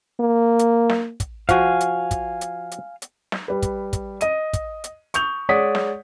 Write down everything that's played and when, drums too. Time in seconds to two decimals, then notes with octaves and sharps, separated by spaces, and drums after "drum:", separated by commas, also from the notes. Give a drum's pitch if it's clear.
0.20 A#3
0.59 drum: hi-hat
0.90 drum: snare
1.20 drum: kick, hi-hat
1.49 F3 F#4 F5 G#5, drum: kick, hi-hat
1.81 drum: hi-hat
2.11 drum: kick, hi-hat
2.41 drum: hi-hat
2.71 drum: hi-hat
3.02 drum: hi-hat
3.32 drum: snare
3.48 G3 B4
3.62 drum: kick, hi-hat
3.93 drum: kick, hi-hat
4.21 D#5 D#7, drum: hi-hat
4.53 drum: kick, hi-hat
4.84 drum: hi-hat
5.14 C#6 D#6 G6 F7, drum: hi-hat
5.49 G#3 C#5 D5 F#5 D#6 B6
5.75 drum: snare